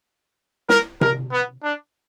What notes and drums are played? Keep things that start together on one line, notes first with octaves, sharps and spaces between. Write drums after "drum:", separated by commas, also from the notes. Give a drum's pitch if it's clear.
A#4, drum: snare
A#4, drum: tom C3
B3
D4